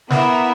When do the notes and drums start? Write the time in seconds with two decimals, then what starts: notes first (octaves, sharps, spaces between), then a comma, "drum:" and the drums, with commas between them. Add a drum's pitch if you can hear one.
0.10 A#3 B3 E4 A#4 E5, drum: snare